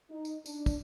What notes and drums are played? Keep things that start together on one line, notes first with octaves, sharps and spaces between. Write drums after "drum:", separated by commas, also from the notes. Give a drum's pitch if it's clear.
D#4
drum: tambourine
D4, drum: tambourine
drum: kick, tambourine